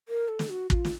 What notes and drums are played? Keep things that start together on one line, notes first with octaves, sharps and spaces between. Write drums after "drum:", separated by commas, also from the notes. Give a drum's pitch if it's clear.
A#4
A4
drum: snare
F#4
F#4, drum: kick
F4
drum: snare